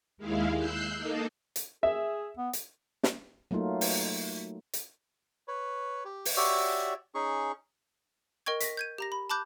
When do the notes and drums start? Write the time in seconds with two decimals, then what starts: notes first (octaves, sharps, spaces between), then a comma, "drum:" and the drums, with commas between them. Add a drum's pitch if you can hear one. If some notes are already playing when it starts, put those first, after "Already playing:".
0.17 D#2 G#3 E4 F5
0.55 E6 F#6 G6 C7
0.96 A#3 D#4 A4
1.56 drum: hi-hat
1.83 G#4 E5
2.38 B3
2.53 drum: hi-hat
3.03 drum: snare
3.51 F#3 A3 A#3 D#4 F4
3.81 drum: open hi-hat
4.74 drum: hi-hat
5.48 B4 C#5
6.05 G4
6.25 drum: open hi-hat
6.37 F#4 G4 C#5 D5 E5
7.15 C#4 D#4 G#4 C#6
8.46 A#4 D#5 G5 C#6 G#6
8.61 A#6 B6, drum: hi-hat
8.77 G6 G#6 D#7
8.98 G4 A#5 A#6
9.12 B5
9.30 A5 B5 D6 F#6 G6